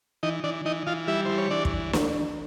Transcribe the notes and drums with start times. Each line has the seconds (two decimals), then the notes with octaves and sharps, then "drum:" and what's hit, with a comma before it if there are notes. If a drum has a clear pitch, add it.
0.23 E3 D#4 D#5
0.44 E3 D4 D5
0.65 E3 D#4 D#5
0.87 E3 F4 F5
1.07 G3 E4 E5
1.25 E3 C5
1.38 C#5
1.50 E3 D4 D5
1.65 drum: kick
1.93 drum: snare